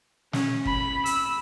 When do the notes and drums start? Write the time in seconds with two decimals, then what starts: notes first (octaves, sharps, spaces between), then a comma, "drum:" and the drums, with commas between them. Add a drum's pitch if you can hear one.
0.33 C#4, drum: snare
0.66 B5, drum: kick
1.06 E6, drum: hi-hat